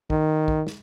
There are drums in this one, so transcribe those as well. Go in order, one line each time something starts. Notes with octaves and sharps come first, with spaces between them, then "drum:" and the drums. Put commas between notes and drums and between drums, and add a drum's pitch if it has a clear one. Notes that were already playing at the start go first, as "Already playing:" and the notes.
D#3, drum: kick
drum: kick
drum: snare